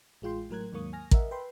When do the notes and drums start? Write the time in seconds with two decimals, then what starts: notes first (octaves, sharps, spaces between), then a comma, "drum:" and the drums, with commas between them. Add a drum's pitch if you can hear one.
0.22 A1 G#3 F4 G5 C6
0.50 A2 F#3 A#4 F#6 G#6
0.72 D#2 G#2 F#3 A#3 C#6 D#6
0.93 G#5 F6 A#6
1.11 A#4 D#5 E5 F#5, drum: kick
1.31 B4 G5 B5 C6